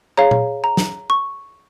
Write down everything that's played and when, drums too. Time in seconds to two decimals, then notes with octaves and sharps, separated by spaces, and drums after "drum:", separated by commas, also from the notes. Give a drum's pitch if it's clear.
0.17 G#4 C#5 F5 A#5
0.31 drum: tom A#2
0.64 A#5
0.77 drum: snare
1.10 C#6